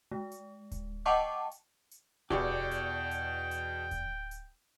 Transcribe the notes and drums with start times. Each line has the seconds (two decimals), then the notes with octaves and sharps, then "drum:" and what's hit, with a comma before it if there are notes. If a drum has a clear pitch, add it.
0.12 G#3
0.31 drum: hi-hat
0.71 drum: kick D1, hi-hat
1.06 D#5 F#5 G5 A5 C#6 D6
1.51 drum: hi-hat
1.91 drum: hi-hat
2.30 E2 B2 E3 G4 G#4 D5 G5 C#6, drum: kick D1
2.71 drum: hi-hat
3.11 drum: hi-hat
3.51 drum: hi-hat
3.91 drum: kick D1, hi-hat
4.31 drum: hi-hat